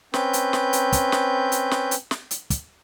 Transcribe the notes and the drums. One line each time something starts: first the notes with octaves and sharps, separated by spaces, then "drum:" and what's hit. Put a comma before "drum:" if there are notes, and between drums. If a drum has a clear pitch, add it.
C4 C#4 B4 G6, drum: snare
drum: hi-hat
drum: snare
drum: hi-hat
drum: kick, hi-hat
drum: snare
drum: hi-hat
drum: snare
drum: hi-hat
drum: snare
drum: hi-hat
drum: kick, hi-hat